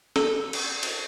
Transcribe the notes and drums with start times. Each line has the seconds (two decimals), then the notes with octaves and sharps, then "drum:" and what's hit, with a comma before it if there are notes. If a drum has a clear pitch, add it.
0.16 A4, drum: snare
0.53 drum: cymbal
0.83 drum: cymbal